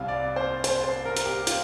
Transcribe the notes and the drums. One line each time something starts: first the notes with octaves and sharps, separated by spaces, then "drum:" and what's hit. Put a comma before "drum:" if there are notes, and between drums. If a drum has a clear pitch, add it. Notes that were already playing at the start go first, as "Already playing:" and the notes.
Already playing: C2 C3 G3 F5
D5
C5
C5, drum: hi-hat
C5
A#4
A#4, drum: hi-hat
G4
F4, drum: hi-hat